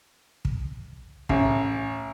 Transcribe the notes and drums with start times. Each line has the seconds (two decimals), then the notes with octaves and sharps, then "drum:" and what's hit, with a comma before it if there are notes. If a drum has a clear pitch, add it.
0.45 drum: kick
1.29 A1, drum: kick